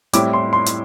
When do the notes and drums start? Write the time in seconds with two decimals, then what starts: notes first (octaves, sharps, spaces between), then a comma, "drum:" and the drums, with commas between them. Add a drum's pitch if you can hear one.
0.13 A2 G3 C4 E4 D6, drum: hi-hat
0.33 C6
0.53 C6
0.66 drum: hi-hat